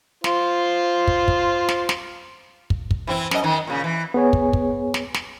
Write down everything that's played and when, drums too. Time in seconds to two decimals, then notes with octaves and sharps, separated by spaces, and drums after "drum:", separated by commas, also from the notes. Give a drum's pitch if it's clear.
0.24 F4 C5, drum: snare
1.07 drum: kick
1.28 drum: kick
1.69 drum: snare
1.89 drum: snare
2.70 drum: kick
2.91 drum: kick
3.07 E3 C4 E4
3.31 F#2 D#5, drum: snare
3.43 D#3 D#4
3.67 A#2 C#3
3.84 E3
4.14 B3 G#4 C#5 G#5
4.33 drum: kick
4.53 drum: kick
4.94 drum: snare
5.14 drum: snare